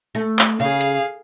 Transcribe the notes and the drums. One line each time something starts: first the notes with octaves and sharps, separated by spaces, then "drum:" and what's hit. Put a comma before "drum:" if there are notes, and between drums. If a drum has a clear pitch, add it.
A3
drum: clap
C#3 G#4 F5
drum: hi-hat